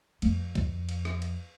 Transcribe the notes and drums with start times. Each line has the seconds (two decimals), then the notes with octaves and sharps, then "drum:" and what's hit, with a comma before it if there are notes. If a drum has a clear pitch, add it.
0.22 F2, drum: cymbal
0.55 drum: kick D2, cymbal
0.89 drum: cymbal
1.05 drum: rim click
1.22 drum: cymbal